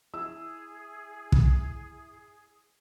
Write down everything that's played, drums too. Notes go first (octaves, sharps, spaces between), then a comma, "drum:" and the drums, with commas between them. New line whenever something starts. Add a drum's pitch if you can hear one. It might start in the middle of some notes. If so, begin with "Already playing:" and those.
E4 G#4 E6
drum: kick